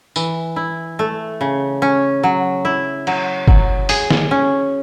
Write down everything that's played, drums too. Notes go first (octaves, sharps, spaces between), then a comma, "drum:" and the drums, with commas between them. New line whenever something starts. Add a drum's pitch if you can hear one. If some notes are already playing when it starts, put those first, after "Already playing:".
E3, drum: tambourine
E4
A3
C#3
C#4
F#3
E4
F#3, drum: cymbal
F#3, drum: kick F#1
G#4, drum: open hi-hat
drum: snare
C#4